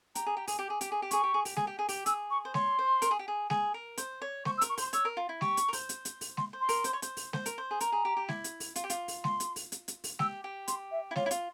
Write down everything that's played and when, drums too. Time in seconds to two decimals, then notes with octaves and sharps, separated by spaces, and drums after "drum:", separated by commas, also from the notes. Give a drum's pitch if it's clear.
0.15 G4 A#5, drum: hi-hat
0.26 G#4
0.37 G4
0.48 G#4, drum: open hi-hat
0.59 G4
0.70 G#4
0.81 G4, drum: hi-hat
0.92 G#4
1.02 G4
1.11 G#4 C#6, drum: hi-hat
1.24 G4
1.34 G#4
1.45 G4, drum: open hi-hat
1.57 G#4, drum: snare G#3
1.67 G4
1.79 G#4
1.89 G4, drum: open hi-hat
2.06 G#4 E6, drum: hi-hat
2.30 C#6
2.45 C5
2.54 C#5 C6, drum: snare G#3
2.79 C5
3.02 A#4, drum: hi-hat
3.11 G#4
3.19 G4
3.28 G#4
3.50 G#4, drum: snare G#3
3.74 A#4
3.98 C5, drum: hi-hat
4.22 C#5
4.45 C5 C#6, drum: snare G#3
4.58 E6
4.61 A#4, drum: hi-hat
4.69 C#6
4.78 C5 C6, drum: open hi-hat
4.93 C#5 E6, drum: hi-hat
5.05 A#4
5.17 F4
5.29 E4
5.41 G4 C#6, drum: snare G#3
5.57 drum: hi-hat
5.68 A#4
5.73 C5, drum: open hi-hat
5.89 drum: hi-hat
6.05 drum: hi-hat
6.21 drum: open hi-hat
6.37 C6, drum: snare G#3
6.53 C5
6.61 C6
6.69 A#4, drum: open hi-hat
6.84 C5, drum: hi-hat
6.93 C#5
7.02 C5, drum: hi-hat
7.17 drum: open hi-hat
7.33 C5, drum: snare G#3
7.46 A#4, drum: hi-hat
7.58 C5
7.71 G#4
7.80 A#4 A#5, drum: hi-hat
7.92 G#4
8.05 G4
8.17 G4
8.29 E4, drum: snare G#3
8.44 drum: hi-hat
8.60 drum: open hi-hat
8.76 F4, drum: hi-hat
8.84 G4
8.90 F4, drum: hi-hat
9.08 drum: open hi-hat
9.24 C6, drum: snare G#3
9.40 drum: hi-hat
9.56 drum: open hi-hat
9.72 drum: hi-hat
9.88 drum: hi-hat
10.04 drum: open hi-hat
10.19 G4 E6, drum: snare G#3
10.44 G4
10.68 C6, drum: hi-hat
10.91 E5
11.11 E4
11.16 F4 C#5, drum: snare G#3
11.26 E4
11.31 F4, drum: hi-hat